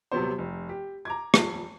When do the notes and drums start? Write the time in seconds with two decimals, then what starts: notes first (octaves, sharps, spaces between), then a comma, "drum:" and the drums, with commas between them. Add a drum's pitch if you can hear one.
0.12 D#1 C3 F#3 B3 C5
0.38 F1
0.69 G4
1.05 A#5 D6 G#6
1.34 D#1 F2 C7, drum: rim click